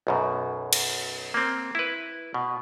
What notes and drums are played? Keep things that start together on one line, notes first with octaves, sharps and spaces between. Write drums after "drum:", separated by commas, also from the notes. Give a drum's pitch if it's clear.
B1 F#2 B2
drum: cymbal
A#3 C4
E4 B4
B2